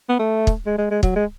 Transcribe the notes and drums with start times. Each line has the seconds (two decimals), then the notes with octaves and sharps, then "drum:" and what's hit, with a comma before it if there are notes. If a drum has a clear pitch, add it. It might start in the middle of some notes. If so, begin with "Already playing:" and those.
0.09 B3
0.19 A3
0.47 drum: kick
0.66 G#3
0.78 G#3
0.91 G#3
1.03 F#3, drum: kick
1.16 G#3